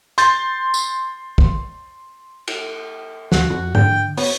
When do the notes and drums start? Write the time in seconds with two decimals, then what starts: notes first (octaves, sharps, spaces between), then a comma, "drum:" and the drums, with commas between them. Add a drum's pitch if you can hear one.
0.18 C6 G6 A6, drum: hi-hat
0.74 drum: tambourine
1.38 drum: kick
2.48 drum: cymbal
3.32 D2 F#4, drum: snare
3.50 F2 F#4
3.75 D3 G5, drum: tom G#2
4.17 B3 C#5, drum: open hi-hat